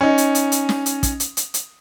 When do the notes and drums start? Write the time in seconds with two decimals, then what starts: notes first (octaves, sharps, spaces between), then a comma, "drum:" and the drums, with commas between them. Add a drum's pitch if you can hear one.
0.01 C#4 D#4
0.18 drum: hi-hat
0.35 drum: hi-hat
0.52 drum: hi-hat
0.69 drum: snare
0.86 drum: hi-hat
1.03 drum: kick, hi-hat
1.20 drum: hi-hat
1.37 drum: hi-hat
1.54 drum: hi-hat